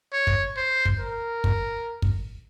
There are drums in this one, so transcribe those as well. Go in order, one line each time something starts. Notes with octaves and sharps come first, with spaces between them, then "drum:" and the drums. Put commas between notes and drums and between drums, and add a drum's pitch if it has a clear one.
C#5
drum: kick
C5
drum: kick
A#4
drum: kick
drum: kick